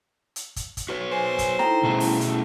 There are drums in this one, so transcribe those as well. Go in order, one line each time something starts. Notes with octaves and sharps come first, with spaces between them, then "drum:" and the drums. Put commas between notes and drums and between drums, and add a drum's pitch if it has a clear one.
drum: hi-hat
drum: kick, hi-hat
drum: kick, hi-hat
F#4 B4 C#5
C5 G#5
drum: kick, hi-hat
D#4 E4 A4 G5 A#5, drum: snare
B2 A3 C#4 E4 G#4 A5
drum: open hi-hat
drum: hi-hat